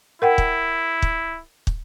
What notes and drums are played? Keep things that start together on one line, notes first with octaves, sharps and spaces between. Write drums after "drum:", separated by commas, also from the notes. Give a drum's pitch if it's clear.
E4 A#4 F#5 G5
drum: kick
drum: kick
drum: kick